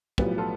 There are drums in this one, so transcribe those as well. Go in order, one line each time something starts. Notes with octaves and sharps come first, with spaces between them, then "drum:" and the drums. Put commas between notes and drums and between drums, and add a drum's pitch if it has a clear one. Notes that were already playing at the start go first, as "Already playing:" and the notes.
B1 A2 F3 G3 B3, drum: kick
F4 A4